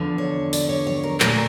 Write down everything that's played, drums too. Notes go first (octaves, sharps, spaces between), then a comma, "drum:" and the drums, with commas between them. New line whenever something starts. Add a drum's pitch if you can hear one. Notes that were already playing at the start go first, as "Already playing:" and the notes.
Already playing: E2 D3 F3
C#5
D5, drum: open hi-hat
C#5
C#5
A#4
A#2 A3 A#4, drum: clap